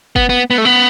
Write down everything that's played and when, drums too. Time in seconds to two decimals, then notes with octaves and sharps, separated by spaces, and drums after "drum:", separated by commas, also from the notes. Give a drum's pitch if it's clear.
0.16 B3, drum: kick G1
0.29 B3
0.50 B3
0.58 A3
0.65 B3